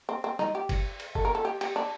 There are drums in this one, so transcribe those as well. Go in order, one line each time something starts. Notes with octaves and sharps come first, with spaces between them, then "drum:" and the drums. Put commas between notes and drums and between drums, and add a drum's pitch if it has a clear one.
C4
C4
D#4, drum: snare
G4
drum: kick, cymbal
drum: cymbal
A4, drum: kick
A#4
A4
G4
G4, drum: cymbal
D4